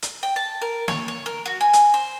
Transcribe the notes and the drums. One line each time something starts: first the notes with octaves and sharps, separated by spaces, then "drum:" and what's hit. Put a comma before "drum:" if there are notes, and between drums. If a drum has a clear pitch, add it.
drum: hi-hat
G5
A5
A#4
C#5, drum: snare
C#5
A#4
F#4
G#5
drum: hi-hat
C5